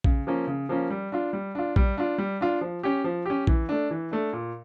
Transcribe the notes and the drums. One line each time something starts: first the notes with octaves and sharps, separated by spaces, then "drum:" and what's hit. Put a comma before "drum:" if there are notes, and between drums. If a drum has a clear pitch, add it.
C#3, drum: kick A#1
F3 A#3 C#4
C#3
F3 A#3 C#4
G3
D4 F4
G3
D4 F4
G3, drum: kick A#1
D4 F4
G3
D4 F4
F3
C#4 G4
F3
C#4 G4
E3, drum: kick A#1
A3 D4
E3
A3 D4
A#2